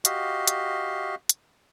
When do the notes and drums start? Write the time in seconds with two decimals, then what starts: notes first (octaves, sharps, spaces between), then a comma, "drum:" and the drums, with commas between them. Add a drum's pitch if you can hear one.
0.05 F#4 G4 D#5 F5, drum: hi-hat
0.47 drum: hi-hat
1.29 drum: hi-hat